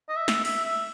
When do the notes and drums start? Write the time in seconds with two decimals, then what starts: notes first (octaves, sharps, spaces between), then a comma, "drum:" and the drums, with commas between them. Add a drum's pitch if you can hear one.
0.09 D#5
0.16 E5
0.28 drum: snare
0.45 E5, drum: cymbal
0.65 E5